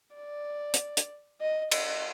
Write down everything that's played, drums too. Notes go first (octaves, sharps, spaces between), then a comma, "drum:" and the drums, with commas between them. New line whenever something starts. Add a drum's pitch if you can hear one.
D5
drum: hi-hat
drum: hi-hat
D#5
D#5, drum: cymbal